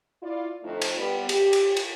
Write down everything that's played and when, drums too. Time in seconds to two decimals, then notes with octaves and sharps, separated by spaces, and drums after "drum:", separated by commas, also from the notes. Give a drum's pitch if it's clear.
0.23 E4 F4 D5
0.64 F2 D3 A3 D#4 F4 C5
0.82 drum: cymbal
0.97 G3 B3
1.29 G4, drum: cymbal
1.53 drum: cymbal
1.77 drum: cymbal